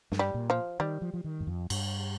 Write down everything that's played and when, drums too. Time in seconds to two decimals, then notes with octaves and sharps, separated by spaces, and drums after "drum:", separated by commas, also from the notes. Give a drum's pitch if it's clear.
0.12 G2, drum: snare
0.19 G3
0.34 A#2
0.50 F3
0.80 D#3 G3
1.02 F3
1.14 F3
1.24 D#3
1.40 G2
1.47 F2
1.70 G2, drum: cymbal